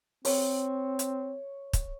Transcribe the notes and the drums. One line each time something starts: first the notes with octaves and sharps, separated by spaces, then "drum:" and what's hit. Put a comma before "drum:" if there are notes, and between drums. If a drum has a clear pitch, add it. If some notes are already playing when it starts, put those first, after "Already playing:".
C4 C#5, drum: open hi-hat
drum: hi-hat
drum: kick, hi-hat